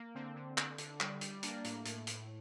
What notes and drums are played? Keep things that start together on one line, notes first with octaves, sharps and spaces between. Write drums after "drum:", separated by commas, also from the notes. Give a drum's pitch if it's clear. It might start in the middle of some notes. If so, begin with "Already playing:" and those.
Already playing: A#3
D3 C4
D3
D3, drum: clap
D3, drum: hi-hat
G3, drum: clap
G3, drum: hi-hat
A#3 D4, drum: hi-hat
A2, drum: hi-hat
A2, drum: hi-hat
A2, drum: hi-hat